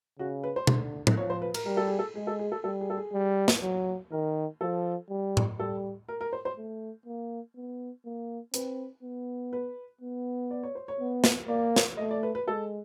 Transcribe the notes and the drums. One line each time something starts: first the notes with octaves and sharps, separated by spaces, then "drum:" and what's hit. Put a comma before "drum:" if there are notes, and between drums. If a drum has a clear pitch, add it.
C#3 F#4
B4
C5
D3, drum: tom B2
drum: tom A2
F3 C#5
C5
B4
A#4, drum: cymbal
G3 A#4
A4
G#4
A4
G#3 G#4
A4
G#4
A4
G3 A4
G#4
A4
G#4
G3
drum: snare
F#3
D#3 A#4
F3 A4
G3
drum: tom A2
G3 A4
A#4
A#4
C5
C5
A3
A#3
B3
A#3
C4 B4, drum: hi-hat
B3
B4
B3
D5
C#5
C5
C#5
B3
drum: snare
A#3 D5
drum: snare
A3 D#5
D5
B4
B4
G#3 A4